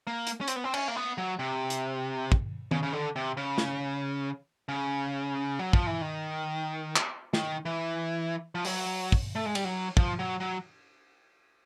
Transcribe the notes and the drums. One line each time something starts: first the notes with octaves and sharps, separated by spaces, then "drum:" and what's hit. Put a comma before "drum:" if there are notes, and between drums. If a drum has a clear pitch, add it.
A#3
drum: hi-hat
C#4
C4, drum: hi-hat
B3
C4
C#4, drum: cymbal
A#3
B3
F#3
C3
drum: hi-hat
drum: kick
C#3, drum: tom D#3
C#3
D3
C3
C#3
drum: snare
C#3
F#3
F3, drum: kick
E3
D#3
drum: clap
D#3, drum: snare
E3
F3
F#3, drum: open hi-hat
drum: kick
A3
G#3
G3, drum: cymbal
F#3
F3, drum: kick
F#3
F#3